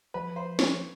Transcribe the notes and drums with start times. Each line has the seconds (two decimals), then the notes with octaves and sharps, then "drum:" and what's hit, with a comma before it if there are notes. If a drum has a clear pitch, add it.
0.14 F3 B4
0.36 C5
0.59 C#5, drum: snare